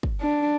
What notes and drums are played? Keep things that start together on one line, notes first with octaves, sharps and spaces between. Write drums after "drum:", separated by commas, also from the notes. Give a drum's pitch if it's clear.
drum: kick
D4